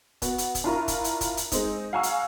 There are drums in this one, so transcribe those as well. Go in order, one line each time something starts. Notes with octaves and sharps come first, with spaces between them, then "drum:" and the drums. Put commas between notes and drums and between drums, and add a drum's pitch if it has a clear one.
B3 F#4, drum: kick, hi-hat
drum: hi-hat
drum: kick, hi-hat
D4 E4 F4 A#4 A#5 C#6
drum: kick, hi-hat
drum: hi-hat
drum: kick, hi-hat
drum: hi-hat
G#3 C4 D#4, drum: kick, hi-hat
F5 F#5 G#5 A#5 C#6 E6
drum: hi-hat